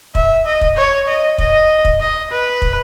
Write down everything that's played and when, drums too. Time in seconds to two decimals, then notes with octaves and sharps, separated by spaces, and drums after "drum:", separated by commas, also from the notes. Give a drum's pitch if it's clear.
0.15 E5, drum: kick
0.46 D#5
0.61 drum: kick
0.77 C#5
1.08 D#5
1.38 D#5, drum: kick
1.85 drum: kick
2.00 D#5
2.31 B4
2.62 drum: kick